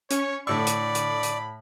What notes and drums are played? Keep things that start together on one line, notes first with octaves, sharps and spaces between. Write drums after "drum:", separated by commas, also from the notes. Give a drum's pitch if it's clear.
C#4 C#5 C#6, drum: hi-hat
A2 D3 D5 B5 C#6 E6
drum: hi-hat
drum: hi-hat
drum: hi-hat